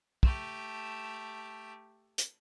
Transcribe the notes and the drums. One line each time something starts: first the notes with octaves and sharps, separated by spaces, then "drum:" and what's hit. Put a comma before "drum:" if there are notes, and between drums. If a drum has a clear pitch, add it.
A3 G4, drum: kick
drum: hi-hat